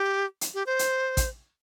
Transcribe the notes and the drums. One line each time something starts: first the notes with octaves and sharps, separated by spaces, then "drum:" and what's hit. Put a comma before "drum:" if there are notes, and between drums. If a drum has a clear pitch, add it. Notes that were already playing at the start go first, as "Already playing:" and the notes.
Already playing: G4
drum: hi-hat
G4
C5
drum: hi-hat
drum: kick A1, hi-hat